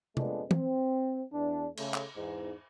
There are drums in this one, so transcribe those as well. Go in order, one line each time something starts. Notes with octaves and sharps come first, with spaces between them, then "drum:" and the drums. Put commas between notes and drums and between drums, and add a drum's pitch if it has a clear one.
F2 A#2 G#3 A3 B3 D4, drum: tom C3
C4, drum: tom
E2 D4
C#3 A3, drum: cymbal
drum: clap
E2 G#2